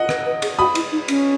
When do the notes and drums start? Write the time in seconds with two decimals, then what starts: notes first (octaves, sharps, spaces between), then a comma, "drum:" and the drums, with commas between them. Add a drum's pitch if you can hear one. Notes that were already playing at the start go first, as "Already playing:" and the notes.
Already playing: D#5 F#5
0.09 B4, drum: rim click
0.26 B4
0.42 G#4, drum: cymbal
0.59 F#4 B5 D#6
0.75 E4, drum: cymbal
0.92 D#4
1.08 C#4, drum: cymbal